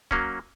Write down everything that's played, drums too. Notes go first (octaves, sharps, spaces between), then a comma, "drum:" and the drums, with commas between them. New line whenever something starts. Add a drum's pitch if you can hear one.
F#3 A#3 C#4, drum: kick